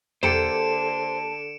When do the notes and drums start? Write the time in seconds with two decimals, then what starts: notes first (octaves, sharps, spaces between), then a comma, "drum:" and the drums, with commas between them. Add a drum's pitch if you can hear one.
0.23 D3 A#3 G4 A4 C5 C#7 D7 E7, drum: tom E2